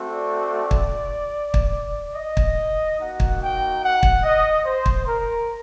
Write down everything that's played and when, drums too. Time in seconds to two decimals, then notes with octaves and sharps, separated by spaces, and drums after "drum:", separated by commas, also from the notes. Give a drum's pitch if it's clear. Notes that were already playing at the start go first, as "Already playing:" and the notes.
Already playing: A3 C4 F#4
0.09 D5
0.71 drum: kick
1.54 drum: kick
2.16 D#5
2.37 drum: kick
2.99 A#3 D#4 F#4 F#5
3.20 drum: kick
3.40 G5
3.82 F#5
4.03 drum: kick
4.23 D#5
4.65 C5
4.86 drum: kick
5.07 A#4